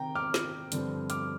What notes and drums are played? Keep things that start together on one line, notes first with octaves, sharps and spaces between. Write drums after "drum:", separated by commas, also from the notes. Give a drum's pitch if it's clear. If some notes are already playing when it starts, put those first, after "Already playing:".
Already playing: C3 D#3 G5 A#5
D6 F6
drum: snare
G2 D3 F3 C4, drum: hi-hat
D6 F6, drum: hi-hat